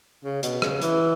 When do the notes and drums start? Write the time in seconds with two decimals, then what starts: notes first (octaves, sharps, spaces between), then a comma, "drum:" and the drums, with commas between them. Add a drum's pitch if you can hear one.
0.24 C#3
0.43 B2, drum: hi-hat
0.62 C#3, drum: rim click
0.82 E3, drum: hi-hat